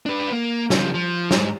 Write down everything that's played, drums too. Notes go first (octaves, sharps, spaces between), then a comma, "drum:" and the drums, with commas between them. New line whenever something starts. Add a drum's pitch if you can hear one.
D4 B4
A#3
C#3 F3, drum: snare
F3
G#2, drum: snare